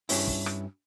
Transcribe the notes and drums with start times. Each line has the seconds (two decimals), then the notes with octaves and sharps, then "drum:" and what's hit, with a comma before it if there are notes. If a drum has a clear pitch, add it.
0.09 G2 C#4 E4, drum: open hi-hat
0.28 drum: kick
0.46 drum: rim click